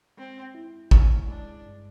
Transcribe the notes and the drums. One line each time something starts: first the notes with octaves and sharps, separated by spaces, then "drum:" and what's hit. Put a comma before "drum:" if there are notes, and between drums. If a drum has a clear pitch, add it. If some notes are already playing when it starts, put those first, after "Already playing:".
G#3 C4
E4
G#3 C#4, drum: kick
G#3 D4
G2